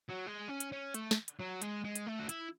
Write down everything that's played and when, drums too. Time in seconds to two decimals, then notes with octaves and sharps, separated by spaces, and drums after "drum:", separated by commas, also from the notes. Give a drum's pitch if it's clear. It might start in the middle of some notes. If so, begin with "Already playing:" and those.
0.10 F#3
0.27 G#3
0.49 C#4
0.60 drum: hi-hat
0.72 C#4
0.94 A3, drum: hi-hat
1.11 drum: snare
1.28 drum: hi-hat
1.40 F#3
1.62 G#3, drum: hi-hat
1.84 G#3
1.96 drum: hi-hat
2.07 A3
2.19 F#4
2.29 E4, drum: hi-hat